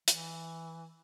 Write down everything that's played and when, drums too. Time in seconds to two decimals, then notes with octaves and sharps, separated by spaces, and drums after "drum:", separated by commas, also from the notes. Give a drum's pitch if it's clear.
0.08 E3, drum: hi-hat